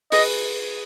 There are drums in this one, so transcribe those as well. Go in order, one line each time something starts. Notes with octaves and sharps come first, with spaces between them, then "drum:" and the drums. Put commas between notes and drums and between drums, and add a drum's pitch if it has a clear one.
G#4 B4 D#5, drum: open hi-hat